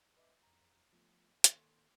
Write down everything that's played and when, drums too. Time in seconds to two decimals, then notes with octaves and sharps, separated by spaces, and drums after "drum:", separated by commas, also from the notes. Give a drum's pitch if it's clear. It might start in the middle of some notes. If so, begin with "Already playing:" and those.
0.17 B4 D#5 E5 D6
0.43 F2 A#5
0.93 F3 A3 B3 F4
1.44 D#3 A#3 A4 C6 C#6, drum: hi-hat